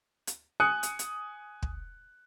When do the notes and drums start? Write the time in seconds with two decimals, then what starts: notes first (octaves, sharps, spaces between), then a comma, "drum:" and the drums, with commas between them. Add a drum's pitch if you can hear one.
0.27 drum: hi-hat
0.60 G#5 D#6 F#6 C#7
0.83 drum: hi-hat
0.99 drum: hi-hat
1.62 drum: kick